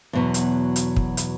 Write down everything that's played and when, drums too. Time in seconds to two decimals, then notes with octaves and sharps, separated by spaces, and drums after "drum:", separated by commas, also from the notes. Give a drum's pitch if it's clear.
0.13 E2 B2 F#3
0.34 drum: hi-hat
0.76 drum: hi-hat
0.96 drum: kick
1.17 drum: hi-hat